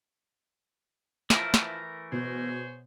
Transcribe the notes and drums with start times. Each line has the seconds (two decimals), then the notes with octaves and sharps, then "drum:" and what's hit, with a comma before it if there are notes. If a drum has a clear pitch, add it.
1.30 E3 F3 A3 E4 F4 A#4, drum: snare
1.54 drum: snare
2.12 B2 G#4 C5 C#5